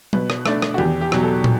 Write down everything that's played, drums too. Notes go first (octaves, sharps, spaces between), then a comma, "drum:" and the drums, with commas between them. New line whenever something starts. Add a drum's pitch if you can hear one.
B2 B4, drum: tom F#3
drum: rim click
A3 D4 D5, drum: rim click
drum: rim click
F#4
E2 G4, drum: tom D#3
G4
B2 F#3, drum: rim click
A4
drum: tom